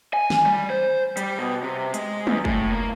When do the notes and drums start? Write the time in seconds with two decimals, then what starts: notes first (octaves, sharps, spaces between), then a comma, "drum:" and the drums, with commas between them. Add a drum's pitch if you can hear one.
0.13 G#5
0.30 drum: snare
0.46 G3
0.70 C5
1.17 G3, drum: hi-hat
1.38 B2
1.63 C3
1.94 G#3, drum: hi-hat
2.27 E2, drum: tom
2.45 A2, drum: kick
2.72 A#3